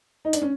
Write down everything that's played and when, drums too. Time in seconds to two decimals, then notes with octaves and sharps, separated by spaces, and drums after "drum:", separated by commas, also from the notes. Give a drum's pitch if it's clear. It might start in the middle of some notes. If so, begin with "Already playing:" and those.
0.25 D#4
0.33 D4, drum: hi-hat
0.42 C#4